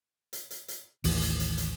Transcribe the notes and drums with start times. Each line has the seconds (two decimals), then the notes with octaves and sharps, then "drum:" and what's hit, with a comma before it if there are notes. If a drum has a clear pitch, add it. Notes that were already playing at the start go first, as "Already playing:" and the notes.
0.33 drum: hi-hat
0.51 drum: hi-hat
0.68 drum: hi-hat
1.04 A1 D#2 E3, drum: open hi-hat
1.22 drum: hi-hat
1.40 drum: hi-hat
1.57 drum: hi-hat